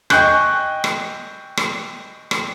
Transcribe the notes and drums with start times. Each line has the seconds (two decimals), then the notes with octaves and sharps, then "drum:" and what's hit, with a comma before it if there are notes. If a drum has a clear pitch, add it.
0.10 D#5 G5 G#5 C#6 F#6 G6, drum: rim click
0.84 drum: rim click
1.57 drum: rim click
2.31 drum: rim click